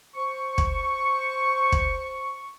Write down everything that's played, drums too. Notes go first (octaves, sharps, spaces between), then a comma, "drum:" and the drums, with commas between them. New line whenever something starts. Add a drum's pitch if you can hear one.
C5 C#6
drum: kick
drum: kick